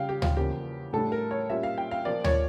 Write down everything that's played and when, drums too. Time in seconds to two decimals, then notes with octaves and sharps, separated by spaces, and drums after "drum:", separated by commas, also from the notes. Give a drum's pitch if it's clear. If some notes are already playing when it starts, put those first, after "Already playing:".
Already playing: C#3 G3 C#4 F5 G5
0.09 G4
0.22 F4, drum: tom D2
0.37 E2 C#3 F3 A#3 G4
0.93 A2 G3 D4 A4
1.12 A#4
1.31 C#5
1.49 A#2 G3 A#3 C#4 E5
1.63 F5
1.78 G5
1.91 F5
2.05 A#2 F3 A#3 D5
2.24 C#5, drum: tom D2